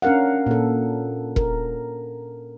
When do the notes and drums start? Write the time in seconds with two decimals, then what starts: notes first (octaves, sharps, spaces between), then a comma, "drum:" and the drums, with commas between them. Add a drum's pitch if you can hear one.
0.02 C#4 D4 A#4 F5 F#5
0.46 A#2 A4
1.36 A#4, drum: kick E1